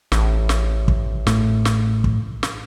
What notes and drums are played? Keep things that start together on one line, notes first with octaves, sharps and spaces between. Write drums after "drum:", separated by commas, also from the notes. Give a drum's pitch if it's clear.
A1, drum: snare
drum: snare
drum: kick
A2, drum: snare
drum: snare
drum: kick
drum: snare